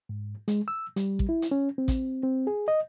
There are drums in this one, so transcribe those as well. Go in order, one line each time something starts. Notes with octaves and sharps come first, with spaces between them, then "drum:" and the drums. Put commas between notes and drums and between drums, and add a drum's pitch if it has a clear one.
G#2
G#3, drum: hi-hat
E6
G3, drum: hi-hat
drum: kick
E4
drum: hi-hat
C#4
C4
drum: kick, hi-hat
C4
G#4
D#5